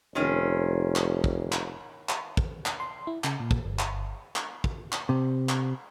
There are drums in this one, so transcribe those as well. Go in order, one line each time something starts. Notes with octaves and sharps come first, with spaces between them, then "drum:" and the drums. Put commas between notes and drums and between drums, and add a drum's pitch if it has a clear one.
F1 D#3 C4 C#4
drum: clap
drum: kick
drum: clap
drum: clap
drum: kick
drum: clap
C6
E4
C#3, drum: clap
A#2
drum: kick
G1
drum: clap
drum: clap
drum: kick
drum: clap
C3
drum: clap